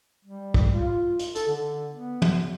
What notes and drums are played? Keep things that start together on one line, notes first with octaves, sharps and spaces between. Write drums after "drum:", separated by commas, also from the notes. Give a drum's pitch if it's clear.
G3
drum: kick
F4
drum: hi-hat
A4, drum: hi-hat
D3
B3
drum: tom